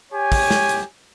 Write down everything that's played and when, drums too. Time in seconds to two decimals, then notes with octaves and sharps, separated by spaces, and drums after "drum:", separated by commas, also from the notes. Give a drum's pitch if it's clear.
0.13 G4 C#5 G#5
0.32 drum: kick, open hi-hat
0.51 drum: snare
0.69 drum: hi-hat